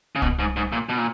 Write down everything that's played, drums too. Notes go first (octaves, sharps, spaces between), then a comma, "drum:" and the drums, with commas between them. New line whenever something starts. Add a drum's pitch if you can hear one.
C#3
B2, drum: kick C2
G#2
G#2
A#2
B2
A#2